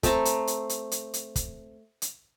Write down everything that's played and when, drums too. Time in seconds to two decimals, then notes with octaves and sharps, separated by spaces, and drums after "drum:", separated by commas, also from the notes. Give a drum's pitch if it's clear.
0.03 A3 C4 A5 A#5, drum: kick, hi-hat
0.25 drum: hi-hat
0.47 drum: hi-hat
0.69 drum: hi-hat
0.91 drum: hi-hat
1.14 drum: hi-hat
1.36 drum: kick, hi-hat
2.02 drum: hi-hat